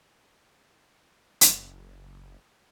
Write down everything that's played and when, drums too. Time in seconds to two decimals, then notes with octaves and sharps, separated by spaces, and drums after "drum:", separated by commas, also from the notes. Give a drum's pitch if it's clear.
1.41 F#1, drum: hi-hat